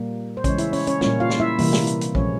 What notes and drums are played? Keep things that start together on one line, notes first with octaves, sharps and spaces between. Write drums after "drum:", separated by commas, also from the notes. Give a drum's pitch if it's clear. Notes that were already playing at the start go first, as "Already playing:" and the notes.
Already playing: A#2 G3 A#3
C5
C#3 E3 G#3 C#4 C#5, drum: kick A#1, hi-hat
E4 E5, drum: hi-hat
C#4 C#5, drum: open hi-hat
C#4 C#5, drum: hi-hat
A#2 G3 A#3 C#4 C#5, drum: snare
F4 F5
drum: snare
E4 E5
C3 E3 G3 A#3, drum: open hi-hat
drum: snare
drum: hi-hat
drum: hi-hat
A#2 F3 G#3 C#4 C#5, drum: kick A#1